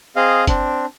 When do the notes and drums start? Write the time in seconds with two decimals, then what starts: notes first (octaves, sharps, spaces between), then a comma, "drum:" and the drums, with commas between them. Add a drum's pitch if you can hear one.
0.16 C4 G#4 D#5 F5
0.47 C4 D4, drum: kick, hi-hat